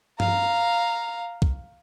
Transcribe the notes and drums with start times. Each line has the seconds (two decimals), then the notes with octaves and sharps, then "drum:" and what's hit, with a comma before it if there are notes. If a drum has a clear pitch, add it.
0.20 F5 A#5, drum: tom G2
1.42 drum: kick C2